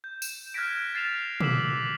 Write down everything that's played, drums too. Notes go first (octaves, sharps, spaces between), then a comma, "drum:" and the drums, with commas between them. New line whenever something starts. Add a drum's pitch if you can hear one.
G6
E7, drum: tambourine
F6 F#6 G#6 A#6 B6 D7
A6 C7 E7 F7
D6 E6 B6 E7 F#7, drum: tom